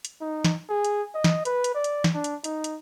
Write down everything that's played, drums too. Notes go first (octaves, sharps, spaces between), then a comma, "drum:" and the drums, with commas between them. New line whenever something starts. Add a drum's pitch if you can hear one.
drum: hi-hat
D#4
drum: snare
G#4
drum: hi-hat
D#5
drum: snare
B4, drum: hi-hat
drum: hi-hat
D5
drum: hi-hat
drum: snare
D4
drum: hi-hat
D#4, drum: hi-hat
drum: hi-hat